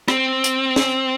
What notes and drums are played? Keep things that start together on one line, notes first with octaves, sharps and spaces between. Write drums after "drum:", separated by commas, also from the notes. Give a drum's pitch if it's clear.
C4, drum: rim click
drum: hi-hat
drum: snare